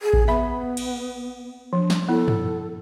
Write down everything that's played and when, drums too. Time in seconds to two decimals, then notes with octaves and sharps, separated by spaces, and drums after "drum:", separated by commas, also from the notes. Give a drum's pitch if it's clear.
0.02 G#4
0.13 drum: kick A1
0.28 B3 E5 B5
0.77 drum: cymbal
1.73 F3 D4
1.90 drum: snare
2.09 B3 E4 A4
2.28 drum: tom